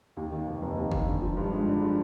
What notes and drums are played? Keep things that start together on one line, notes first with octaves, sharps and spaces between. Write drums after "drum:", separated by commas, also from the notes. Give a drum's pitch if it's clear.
D#2
D#3
F1
F1
D#2
D#3, drum: kick
D3
F3
G2
G#3
D3
F3